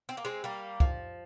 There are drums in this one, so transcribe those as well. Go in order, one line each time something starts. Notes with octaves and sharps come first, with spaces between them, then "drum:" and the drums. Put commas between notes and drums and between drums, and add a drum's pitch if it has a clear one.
C4
A#3
G#3 C4
G3 A#3
F3, drum: kick